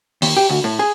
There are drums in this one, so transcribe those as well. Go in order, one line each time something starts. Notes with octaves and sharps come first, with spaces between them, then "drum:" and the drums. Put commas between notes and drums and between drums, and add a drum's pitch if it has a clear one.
D#2, drum: open hi-hat
G4
D2
A2
G#4